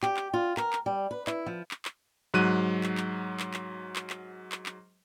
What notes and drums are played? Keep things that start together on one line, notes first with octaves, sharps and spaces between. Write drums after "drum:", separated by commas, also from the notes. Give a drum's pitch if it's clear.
G4, drum: clap
drum: clap
F4
A#4, drum: clap
drum: clap
G3
B4
E4, drum: clap
F3
drum: clap
drum: clap
G#2 F#3 F#6 D#7
drum: clap
drum: clap
drum: clap
drum: clap
drum: clap
drum: clap
drum: clap
drum: clap